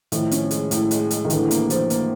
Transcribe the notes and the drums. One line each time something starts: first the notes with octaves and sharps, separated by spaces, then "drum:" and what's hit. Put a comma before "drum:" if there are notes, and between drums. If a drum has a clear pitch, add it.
A2 D#3 F3, drum: hi-hat
C#4, drum: hi-hat
G#3, drum: hi-hat
A2, drum: hi-hat
G#3, drum: hi-hat
G#3, drum: hi-hat
D#3
A2 D3 E3, drum: hi-hat
A#3, drum: hi-hat
F3, drum: hi-hat
A#3, drum: hi-hat